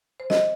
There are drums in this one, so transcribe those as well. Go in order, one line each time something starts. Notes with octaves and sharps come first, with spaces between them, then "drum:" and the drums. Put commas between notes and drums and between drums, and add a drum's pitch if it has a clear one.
C5
D#5, drum: snare